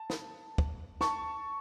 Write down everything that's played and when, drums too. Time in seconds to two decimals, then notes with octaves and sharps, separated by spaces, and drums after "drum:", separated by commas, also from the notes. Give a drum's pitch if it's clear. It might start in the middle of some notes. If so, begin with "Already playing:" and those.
Already playing: A5
0.10 drum: snare
0.58 drum: kick
1.01 A5 C#6, drum: snare